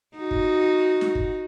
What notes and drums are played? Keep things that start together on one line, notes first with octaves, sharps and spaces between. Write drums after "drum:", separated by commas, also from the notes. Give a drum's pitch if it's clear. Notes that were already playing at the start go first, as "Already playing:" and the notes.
D#4 F#4
drum: kick
drum: snare
drum: kick